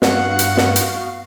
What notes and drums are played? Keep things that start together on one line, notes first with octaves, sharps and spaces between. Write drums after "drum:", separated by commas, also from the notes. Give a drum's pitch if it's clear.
G2 B3 F#4 F5 F#5, drum: snare
drum: hi-hat
drum: snare
drum: hi-hat